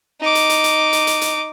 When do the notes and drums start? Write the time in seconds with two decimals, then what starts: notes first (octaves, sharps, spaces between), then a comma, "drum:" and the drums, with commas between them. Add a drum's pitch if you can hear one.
0.21 D#4 D6
0.35 drum: hi-hat
0.49 drum: hi-hat
0.64 drum: hi-hat
0.93 drum: hi-hat
1.07 drum: hi-hat
1.21 drum: hi-hat